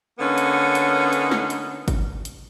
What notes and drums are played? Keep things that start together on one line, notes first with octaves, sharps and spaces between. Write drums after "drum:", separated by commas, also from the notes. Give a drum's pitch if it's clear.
D3 A#3 B3 C#4 D#4
drum: hi-hat
drum: hi-hat
drum: hi-hat
drum: snare
drum: hi-hat
drum: kick, hi-hat
drum: hi-hat